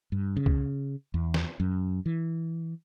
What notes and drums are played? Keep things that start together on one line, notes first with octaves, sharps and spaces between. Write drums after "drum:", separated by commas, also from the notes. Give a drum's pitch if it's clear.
G2
C#3
drum: kick
E2
drum: snare
F#2
E3